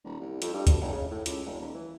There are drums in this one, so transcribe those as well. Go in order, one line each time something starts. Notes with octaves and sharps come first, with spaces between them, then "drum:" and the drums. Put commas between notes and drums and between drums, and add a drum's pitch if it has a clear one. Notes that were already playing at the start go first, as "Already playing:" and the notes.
D#1
C2
F2, drum: hi-hat
G2
D2, drum: kick D2, hi-hat
F1
C#3
A2
C#2, drum: hi-hat
F1
D#1
E3